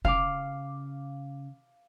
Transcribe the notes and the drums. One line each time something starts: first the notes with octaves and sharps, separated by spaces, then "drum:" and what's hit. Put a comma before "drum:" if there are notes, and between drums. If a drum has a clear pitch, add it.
C#3 F5 D6, drum: kick F1